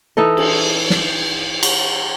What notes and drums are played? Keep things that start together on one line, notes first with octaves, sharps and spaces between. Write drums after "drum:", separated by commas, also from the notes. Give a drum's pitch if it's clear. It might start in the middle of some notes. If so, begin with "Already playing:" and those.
E3 D#4 A4 D#5
drum: cymbal
drum: snare
drum: cymbal